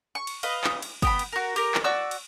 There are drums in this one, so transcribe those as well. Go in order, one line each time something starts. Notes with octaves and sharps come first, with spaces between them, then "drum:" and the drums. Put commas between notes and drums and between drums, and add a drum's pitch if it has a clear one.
C#6
drum: cymbal
B4 D#5 F5, drum: cymbal
drum: clap
drum: cymbal
B3 G5 B5, drum: kick, cymbal
drum: cymbal
F#4 A#4
G4 A#4, drum: cymbal
drum: clap
F#4 D5 C#6 E6
drum: cymbal